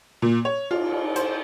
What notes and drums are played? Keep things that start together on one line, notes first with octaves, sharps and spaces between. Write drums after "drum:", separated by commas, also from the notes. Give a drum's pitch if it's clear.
A#2
C#5
F4, drum: cymbal
drum: cymbal
C5, drum: hi-hat